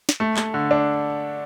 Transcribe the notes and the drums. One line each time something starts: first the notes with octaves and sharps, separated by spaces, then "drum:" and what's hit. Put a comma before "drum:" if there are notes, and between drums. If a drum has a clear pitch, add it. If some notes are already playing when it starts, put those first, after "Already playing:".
drum: snare
A3
A3, drum: clap
D3
D4